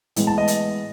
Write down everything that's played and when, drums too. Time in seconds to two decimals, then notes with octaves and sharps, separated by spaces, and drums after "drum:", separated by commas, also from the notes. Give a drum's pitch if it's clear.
0.16 A2 E3 G#3 B3, drum: hi-hat
0.27 A5
0.38 D#5
0.48 drum: hi-hat